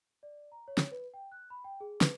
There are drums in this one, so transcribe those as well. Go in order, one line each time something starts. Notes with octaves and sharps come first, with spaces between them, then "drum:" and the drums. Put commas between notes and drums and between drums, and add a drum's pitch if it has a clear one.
D5
A#5
C#5
drum: snare
B4
G5
F#6
B5
G5
G#4
B4, drum: snare